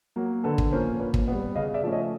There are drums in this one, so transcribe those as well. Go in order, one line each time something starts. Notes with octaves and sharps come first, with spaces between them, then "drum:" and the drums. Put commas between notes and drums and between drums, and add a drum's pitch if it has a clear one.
F#3 A#3
D3 A4 B4
drum: kick
F3 A#3 C#4 A#4 C5
A#2 B4 C#5
drum: kick
G3 B3
C#3 D#5 F5
D5 E5
F3 A3 C#4
C#5 D#5